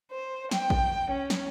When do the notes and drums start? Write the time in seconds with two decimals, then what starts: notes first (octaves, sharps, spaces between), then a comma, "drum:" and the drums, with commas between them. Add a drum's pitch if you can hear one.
0.11 C5
0.51 G5, drum: snare
0.70 drum: kick A1
1.10 C#4
1.30 drum: snare